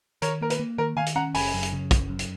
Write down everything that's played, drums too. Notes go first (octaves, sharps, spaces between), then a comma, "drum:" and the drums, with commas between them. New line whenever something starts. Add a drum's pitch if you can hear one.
D#3 A#4 C#5, drum: hi-hat
A#3 A#4
B4, drum: hi-hat
A#3
D#3 A#4
D#3 F5 G#5
drum: hi-hat
C#4 F#5 A#5
F#1 G#5 B5, drum: open hi-hat
F#2
drum: hi-hat
C#3
F#1, drum: kick, hi-hat
F#2
drum: hi-hat